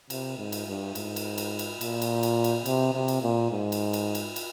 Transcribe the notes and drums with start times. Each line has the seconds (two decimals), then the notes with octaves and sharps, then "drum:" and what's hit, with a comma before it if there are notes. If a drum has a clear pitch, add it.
0.10 C3, drum: cymbal
0.38 G#2
0.52 drum: cymbal
0.67 G2
0.95 G#2, drum: cymbal
1.16 drum: cymbal
1.38 drum: cymbal
1.59 drum: cymbal
1.81 A#2, drum: cymbal
2.02 drum: cymbal
2.23 drum: cymbal
2.44 drum: cymbal
2.66 C3, drum: cymbal
2.93 C3
3.08 drum: cymbal
3.22 A#2
3.51 G#2
3.72 drum: cymbal
3.93 drum: cymbal
4.15 drum: cymbal
4.36 drum: cymbal